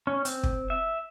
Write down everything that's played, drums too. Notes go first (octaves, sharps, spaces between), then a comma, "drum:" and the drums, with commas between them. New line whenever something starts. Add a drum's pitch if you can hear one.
C#4
C4, drum: hi-hat
drum: kick
E5